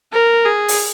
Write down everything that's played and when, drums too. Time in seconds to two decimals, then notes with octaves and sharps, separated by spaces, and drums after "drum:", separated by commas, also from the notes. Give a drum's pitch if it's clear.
0.12 A#4
0.45 G#4
0.68 drum: open hi-hat